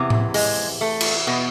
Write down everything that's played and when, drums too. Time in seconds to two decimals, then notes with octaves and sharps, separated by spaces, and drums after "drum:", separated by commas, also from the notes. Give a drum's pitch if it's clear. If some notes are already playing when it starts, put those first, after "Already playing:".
Already playing: E2 C3 E3
0.10 drum: tom A2
0.34 G#3, drum: open hi-hat
0.81 A3
1.01 drum: cymbal
1.27 B2 B3